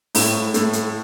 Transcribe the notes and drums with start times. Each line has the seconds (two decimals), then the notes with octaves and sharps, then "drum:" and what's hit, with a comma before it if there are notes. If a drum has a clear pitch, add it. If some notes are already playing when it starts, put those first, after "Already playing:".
0.15 A2 A3 E4, drum: open hi-hat
0.54 A2 A3 E4, drum: hi-hat
0.73 drum: hi-hat